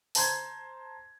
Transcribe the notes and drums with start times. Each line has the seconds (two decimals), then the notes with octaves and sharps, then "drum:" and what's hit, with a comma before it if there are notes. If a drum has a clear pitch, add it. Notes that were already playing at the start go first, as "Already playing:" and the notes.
0.15 C5 A5 A#5 C6 G6 G#6, drum: open hi-hat